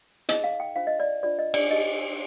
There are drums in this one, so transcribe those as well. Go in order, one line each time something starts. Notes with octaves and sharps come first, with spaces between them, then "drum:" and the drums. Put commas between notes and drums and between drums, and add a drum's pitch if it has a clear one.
D#4 G#4 C5 D#5, drum: hi-hat
F5
G5
D4 F4 C5 F5
D#5
D5
D4 F4 C5 D5
D#5
D5, drum: cymbal
D#4 G4 C5 D#5